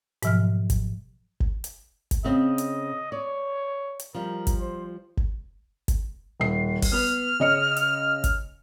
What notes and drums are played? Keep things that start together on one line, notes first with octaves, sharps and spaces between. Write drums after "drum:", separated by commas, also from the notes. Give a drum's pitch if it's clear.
G#2 B2 F3 F#3 F6, drum: hi-hat
drum: kick G1, hi-hat
drum: kick G1
drum: hi-hat
drum: kick G1, hi-hat
C#3 C4 D#5
drum: hi-hat
C#5 D5
drum: hi-hat
F3 G3 A#4
drum: kick G1, hi-hat
C5
drum: kick G1
drum: kick G1, hi-hat
D#1 C7
drum: kick G1, open hi-hat
B3 B4 F6
C#3 D#5 C#7
drum: hi-hat
drum: kick G1, hi-hat